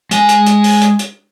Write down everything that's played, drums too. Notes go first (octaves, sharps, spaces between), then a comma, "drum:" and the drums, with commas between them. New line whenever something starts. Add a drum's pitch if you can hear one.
G#3 G#5, drum: hi-hat
drum: hi-hat
drum: hi-hat
drum: open hi-hat
drum: hi-hat
drum: hi-hat